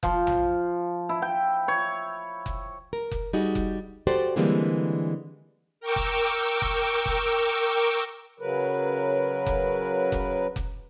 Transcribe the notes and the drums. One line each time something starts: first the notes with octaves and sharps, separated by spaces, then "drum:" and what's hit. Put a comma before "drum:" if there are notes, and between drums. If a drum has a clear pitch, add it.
F3, drum: kick F1
drum: tom A#1
E4
G5
C#5
drum: kick F1
A#4
drum: kick F1
G3 D#4 F#4 G#4
drum: kick F1
F#4 G4 A4 C5 D5
D3 E3 G3 G#3 A#3 C4
A#4 G5 C#6 D6 E6
drum: kick F1
drum: kick F1
drum: kick F1
C#3 F#3 A#4 B4
drum: kick F1
drum: kick F1
drum: kick F1